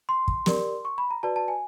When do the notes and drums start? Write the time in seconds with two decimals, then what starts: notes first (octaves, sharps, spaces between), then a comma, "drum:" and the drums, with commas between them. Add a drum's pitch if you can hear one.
0.09 C6
0.28 drum: kick
0.46 G4 A#4 D5, drum: snare
0.85 C#6
0.98 B5
1.11 A#5
1.23 F#4 B4 D5 A5
1.36 A5
1.48 G#5